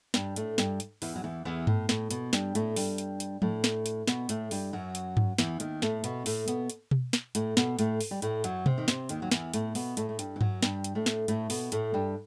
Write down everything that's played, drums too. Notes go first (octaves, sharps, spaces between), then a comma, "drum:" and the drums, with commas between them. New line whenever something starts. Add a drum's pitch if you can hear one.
G2 G3, drum: snare
A2 A3, drum: hi-hat
G2 G3, drum: snare
drum: hi-hat
E2 E3, drum: open hi-hat
F#3
E2 E3
E2 E3
A2, drum: tom G2
A2, drum: snare
B2, drum: hi-hat
G2 G3, drum: snare
A2 A3, drum: hi-hat
G2 G3, drum: open hi-hat
drum: hi-hat
drum: hi-hat
A2 A3, drum: tom F3
drum: snare
drum: hi-hat
B2 B3, drum: snare
A2 A3, drum: hi-hat
G2 G3, drum: open hi-hat
F#2 F#3
drum: hi-hat
drum: tom G2
E2 E3, drum: snare
D#2 D#3, drum: hi-hat
A2 A3, drum: snare
B2 B3, drum: hi-hat
A2 A3, drum: open hi-hat
B2 B3, drum: hi-hat
drum: hi-hat
drum: tom B2
drum: snare
A2 A3, drum: hi-hat
B2 B3, drum: snare
A2 A3, drum: hi-hat
drum: open hi-hat
G3
A2 A3, drum: hi-hat
F#2 F#3, drum: hi-hat
C3, drum: tom B2
D#3
C3, drum: snare
D#2 D#3, drum: hi-hat
F#3
E2 E3, drum: snare
A2 A3, drum: hi-hat
B2 B3, drum: open hi-hat
A2 A3, drum: hi-hat
A3
G2 G3, drum: hi-hat
E3
F#2 F#3, drum: tom G2
G2 G3, drum: snare
drum: hi-hat
A2 A3
drum: snare
A2 A3, drum: hi-hat
B2 B3, drum: open hi-hat
A2 A3, drum: hi-hat
G2 G3